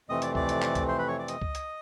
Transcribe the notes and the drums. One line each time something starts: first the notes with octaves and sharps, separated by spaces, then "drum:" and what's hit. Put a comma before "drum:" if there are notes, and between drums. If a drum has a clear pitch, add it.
F2 C3 E3 A3 C4 D#5 D#6
D5 D6, drum: hi-hat
D5 D6, drum: kick
drum: hi-hat
drum: clap
drum: kick, hi-hat
C5 C6
B4 B5
C#5 C#6
D5 D6
D#5 D#6, drum: hi-hat
drum: kick
drum: hi-hat